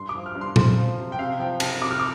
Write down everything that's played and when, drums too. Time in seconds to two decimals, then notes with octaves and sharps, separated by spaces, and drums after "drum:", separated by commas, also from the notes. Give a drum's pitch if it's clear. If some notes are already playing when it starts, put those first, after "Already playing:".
Already playing: G2 C6
0.09 D6
0.15 F3
0.26 F6
0.35 G2
0.41 C6
0.56 C4 C6, drum: tom A#2
0.78 F3
0.99 C3
1.12 G5
1.19 C3 F5
1.39 F3 G5
1.60 C3 A5, drum: cymbal
1.82 C3 D6
1.91 F6
1.99 D6